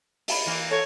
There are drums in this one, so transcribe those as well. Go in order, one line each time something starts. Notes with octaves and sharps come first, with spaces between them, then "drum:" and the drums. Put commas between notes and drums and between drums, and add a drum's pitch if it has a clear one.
E5 A#5 B5, drum: open hi-hat
E3 A#3
A4 C#5